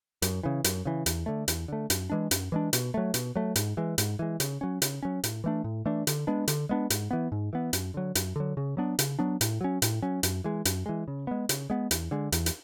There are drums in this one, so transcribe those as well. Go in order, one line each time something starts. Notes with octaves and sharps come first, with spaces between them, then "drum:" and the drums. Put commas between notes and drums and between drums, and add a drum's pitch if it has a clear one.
F#2, drum: hi-hat
C#3 E3
F#2, drum: hi-hat
C#3 E3
E2, drum: hi-hat
D3 A3
E2, drum: hi-hat
D3 A3
F#2, drum: hi-hat
E3 G#3 D4
F#2, drum: hi-hat
E3 G#3 D4
B2, drum: hi-hat
F#3 A3
B2, drum: hi-hat
F#3 A3
G#2, drum: hi-hat
E3 G#3
G#2, drum: hi-hat
E3 G#3
C#3, drum: hi-hat
F#3 C#4
C#3, drum: hi-hat
F#3 C#4
A2, drum: hi-hat
E3 A3 D4
A2
E3 A3 D4
D3, drum: hi-hat
G#3 B3 D4
D3, drum: hi-hat
G#3 B3 D4
G#2, drum: hi-hat
E3 B3
G#2
E3 B3
F#2, drum: hi-hat
D3 F#3
F#2, drum: hi-hat
D3 F#3
C#3
F#3 B3 D4
C#3, drum: hi-hat
F#3 B3 D4
A2, drum: hi-hat
F#3 C#4
A2, drum: hi-hat
F#3 C#4
F#2, drum: hi-hat
E3 G#3
F#2, drum: hi-hat
E3 G#3
C#3
G#3 B3
C#3, drum: hi-hat
G#3 B3
E2, drum: hi-hat
D3 G#3
E2, drum: hi-hat
drum: hi-hat